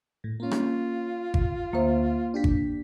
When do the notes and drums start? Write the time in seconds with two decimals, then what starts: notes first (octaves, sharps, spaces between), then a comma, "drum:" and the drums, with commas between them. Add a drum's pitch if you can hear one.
0.24 A2
0.40 A#3 C#4 F4
0.51 drum: rim click
1.34 drum: kick G#1
1.73 D2 A#3 C5 E5
2.34 D4 G4 B6
2.44 drum: kick G#1